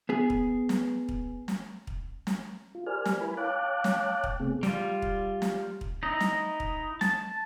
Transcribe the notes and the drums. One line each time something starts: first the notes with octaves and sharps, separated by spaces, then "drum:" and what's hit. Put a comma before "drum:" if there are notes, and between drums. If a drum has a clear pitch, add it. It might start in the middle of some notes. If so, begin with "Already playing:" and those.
B3 G#4
drum: kick
drum: snare
drum: kick
drum: snare
drum: kick
drum: snare
F4
G4 A#4 C5 D5 G#5 F6
drum: snare
E4 A#4 B4 G#5 B5
C#5 F5 G5 A5 D6 F#6
drum: snare
drum: kick
C3 A3 B3 C4 G#4
G3 F4, drum: snare
drum: kick
drum: snare
drum: kick
D#4 E4 D#5
drum: snare
drum: kick
A5, drum: snare